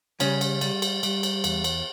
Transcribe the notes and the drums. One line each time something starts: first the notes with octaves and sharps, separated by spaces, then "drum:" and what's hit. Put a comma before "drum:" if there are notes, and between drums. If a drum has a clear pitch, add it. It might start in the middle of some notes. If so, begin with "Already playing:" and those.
C#3 G3 C#4, drum: cymbal
drum: cymbal
G3, drum: cymbal
drum: cymbal
G3, drum: cymbal
drum: cymbal
E2, drum: cymbal
drum: cymbal